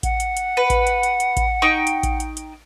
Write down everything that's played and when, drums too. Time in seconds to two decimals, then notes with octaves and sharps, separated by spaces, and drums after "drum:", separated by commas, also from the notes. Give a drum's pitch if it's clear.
0.03 F#5, drum: kick A1, hi-hat
0.20 drum: hi-hat
0.37 drum: hi-hat
0.57 B4
0.70 drum: kick A1, hi-hat
0.87 drum: hi-hat
1.03 drum: hi-hat
1.20 drum: hi-hat
1.37 drum: kick A1, hi-hat
1.62 D#4 G5 C#6
1.87 drum: hi-hat
2.03 drum: kick A1, hi-hat
2.20 drum: hi-hat
2.37 drum: hi-hat